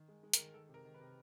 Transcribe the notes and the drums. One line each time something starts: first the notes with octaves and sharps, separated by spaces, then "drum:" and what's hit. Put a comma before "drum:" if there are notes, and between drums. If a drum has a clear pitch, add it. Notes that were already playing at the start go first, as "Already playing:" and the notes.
Already playing: D#3
G#3
G#3
A#4, drum: hi-hat
D#3
D#3 A4
C3
A#4
D#3
B4
C3